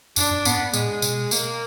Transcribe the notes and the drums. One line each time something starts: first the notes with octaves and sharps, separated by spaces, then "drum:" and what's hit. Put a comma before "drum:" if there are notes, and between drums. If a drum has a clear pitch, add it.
F#2 D4, drum: tambourine
F#2
G#2 B3, drum: tambourine
A#2 G#3, drum: tambourine
B2, drum: tambourine
A#3, drum: tambourine